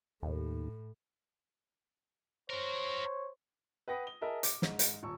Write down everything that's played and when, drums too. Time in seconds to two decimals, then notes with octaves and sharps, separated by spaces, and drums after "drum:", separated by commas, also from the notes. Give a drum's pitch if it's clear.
0.23 D#2 A2
2.50 F#4 A#4 C5 C#5
3.88 B4 F#5 G5 D#6 A#6
4.07 G7
4.21 G#4 A#4 D#5 E5 A5
4.43 D6, drum: hi-hat
4.62 G#2, drum: snare
4.79 drum: hi-hat
5.03 D#1 C#6 E6